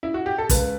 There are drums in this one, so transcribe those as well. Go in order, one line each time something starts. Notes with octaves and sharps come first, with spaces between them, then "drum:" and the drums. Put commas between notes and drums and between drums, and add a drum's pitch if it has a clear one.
E4
F#4
G4
A4
C#2 B4, drum: kick, hi-hat